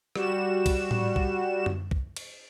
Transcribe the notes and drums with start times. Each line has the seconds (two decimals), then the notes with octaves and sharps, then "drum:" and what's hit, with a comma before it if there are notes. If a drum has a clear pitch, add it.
0.16 G3 F#4 E7, drum: rim click
0.66 drum: kick C2, cymbal
0.91 drum: tom A2
1.16 drum: kick C2
1.66 drum: tom F#2
1.91 drum: kick C2
2.16 drum: cymbal